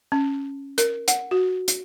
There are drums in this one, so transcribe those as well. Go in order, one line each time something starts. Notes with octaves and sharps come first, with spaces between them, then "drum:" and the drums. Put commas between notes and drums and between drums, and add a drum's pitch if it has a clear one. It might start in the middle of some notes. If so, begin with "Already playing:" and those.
C#4
A#4, drum: hi-hat
F#5, drum: hi-hat
F#4
drum: hi-hat